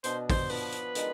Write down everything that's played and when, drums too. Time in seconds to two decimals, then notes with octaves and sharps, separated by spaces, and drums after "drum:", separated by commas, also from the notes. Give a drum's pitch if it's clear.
0.04 B2 B3 D4 C5, drum: hi-hat
0.30 C5, drum: kick, open hi-hat
0.49 F3 B3 D4 B4, drum: open hi-hat
0.72 drum: hi-hat
0.95 D#3 G#3 D4 F4, drum: hi-hat